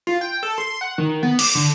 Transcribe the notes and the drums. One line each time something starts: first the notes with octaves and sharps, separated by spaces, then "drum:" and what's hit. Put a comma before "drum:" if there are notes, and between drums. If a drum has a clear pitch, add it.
F4
G5
A4
C6
F#5
D#3
B3
D6, drum: cymbal
D3